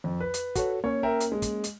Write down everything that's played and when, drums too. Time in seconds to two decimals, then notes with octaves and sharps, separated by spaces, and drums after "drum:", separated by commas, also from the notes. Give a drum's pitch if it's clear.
0.04 F2
0.20 B4
0.34 drum: hi-hat
0.56 F#4 A4 C#5, drum: kick, hi-hat
0.84 A#3 C#4 C#5
1.03 A#4 E5 G5
1.21 drum: hi-hat
1.32 G#3
1.42 drum: kick, hi-hat
1.64 drum: hi-hat